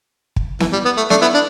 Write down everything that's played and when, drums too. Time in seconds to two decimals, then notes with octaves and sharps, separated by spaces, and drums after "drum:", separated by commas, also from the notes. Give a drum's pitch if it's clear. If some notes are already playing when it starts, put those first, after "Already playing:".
0.36 drum: kick
0.60 E3, drum: snare B3
0.72 G3
0.85 B3
0.97 A3
1.10 A3 D4, drum: snare B3
1.21 B3 E4
1.34 D4